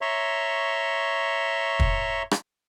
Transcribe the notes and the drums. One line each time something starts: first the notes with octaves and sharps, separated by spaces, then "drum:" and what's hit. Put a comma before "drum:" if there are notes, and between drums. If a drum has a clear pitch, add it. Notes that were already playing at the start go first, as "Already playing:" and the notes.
C#5 E5 A#5 C6 C#6
drum: kick
drum: rim click